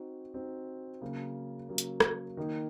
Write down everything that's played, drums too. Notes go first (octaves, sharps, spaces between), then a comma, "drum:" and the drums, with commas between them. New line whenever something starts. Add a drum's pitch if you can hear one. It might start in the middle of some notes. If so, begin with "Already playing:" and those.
Already playing: C4 D#4 F#4
C4 D#4 F#4
C#3 F#3 A#3
C#3 F#3 A#3
drum: hi-hat
drum: rim click
D#3 A#3 D#4